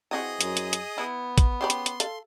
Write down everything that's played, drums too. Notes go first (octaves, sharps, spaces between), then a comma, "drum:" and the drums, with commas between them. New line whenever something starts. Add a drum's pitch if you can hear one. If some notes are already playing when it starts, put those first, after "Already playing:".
E3 C4 F#4 G#4 D#5 D#6
F#2, drum: hi-hat
drum: hi-hat
drum: hi-hat
B3 E4
drum: kick, hi-hat
C#3 G4 B5 C6
drum: hi-hat
drum: hi-hat
A4 F5, drum: hi-hat